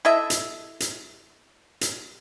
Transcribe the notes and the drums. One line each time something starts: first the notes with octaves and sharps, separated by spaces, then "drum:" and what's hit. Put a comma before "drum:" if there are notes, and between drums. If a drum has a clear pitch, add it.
E4 A4 D#5 E5
drum: hi-hat
drum: hi-hat
drum: hi-hat